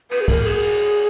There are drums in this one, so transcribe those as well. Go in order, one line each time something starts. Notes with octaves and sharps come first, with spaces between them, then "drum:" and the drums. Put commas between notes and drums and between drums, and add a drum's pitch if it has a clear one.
B4, drum: cymbal
G#4
A#4, drum: kick, cymbal
G#4, drum: cymbal
drum: cymbal